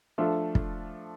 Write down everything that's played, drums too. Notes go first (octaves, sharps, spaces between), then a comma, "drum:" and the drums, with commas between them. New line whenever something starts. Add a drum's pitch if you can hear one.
F3 A3 D4 F4 A4
drum: kick